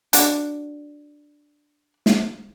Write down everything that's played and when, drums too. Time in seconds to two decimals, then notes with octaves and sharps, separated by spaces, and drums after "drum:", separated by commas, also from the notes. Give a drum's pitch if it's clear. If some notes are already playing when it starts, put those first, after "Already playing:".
0.13 D4 F#4, drum: hi-hat
2.06 drum: snare